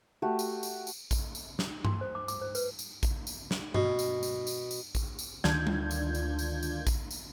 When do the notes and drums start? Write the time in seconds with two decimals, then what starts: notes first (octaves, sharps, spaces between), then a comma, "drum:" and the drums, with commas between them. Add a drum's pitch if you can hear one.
0.22 A3 F#4 G4
0.39 drum: tambourine
0.63 drum: tambourine
0.87 drum: tambourine
1.11 drum: kick A1, tambourine
1.35 drum: tambourine
1.59 drum: snare
1.85 C6, drum: tom G2
2.01 C5
2.15 D6
2.28 D6, drum: tambourine
2.42 C5
2.55 B4, drum: tambourine
2.79 drum: tambourine
3.03 drum: kick A1, tambourine
3.27 drum: tambourine
3.51 drum: snare
3.74 B2, drum: tom G2
3.99 drum: tambourine
4.23 drum: tambourine
4.47 drum: tambourine
4.71 drum: tambourine
4.95 drum: kick A1, tambourine
5.19 drum: tambourine
5.44 D2 D#3 D4 F4 G6 G#6, drum: snare
5.67 drum: tom G3
5.91 drum: tambourine
6.15 drum: tambourine
6.39 drum: tambourine
6.63 drum: tambourine
6.87 drum: kick A1, tambourine
7.11 drum: tambourine